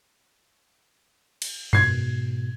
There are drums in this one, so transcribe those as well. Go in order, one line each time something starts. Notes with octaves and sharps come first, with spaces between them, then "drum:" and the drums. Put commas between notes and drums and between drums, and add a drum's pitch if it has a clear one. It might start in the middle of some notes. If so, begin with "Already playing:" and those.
drum: cymbal
G#2 B2 G#6 C7, drum: tom F#2